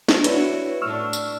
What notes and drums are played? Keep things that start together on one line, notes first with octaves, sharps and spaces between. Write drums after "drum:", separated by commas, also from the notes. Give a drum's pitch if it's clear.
drum: snare
D4 E4 F#4 B4 C#5, drum: hi-hat
A2 D4 C#6 E6 F6
drum: tambourine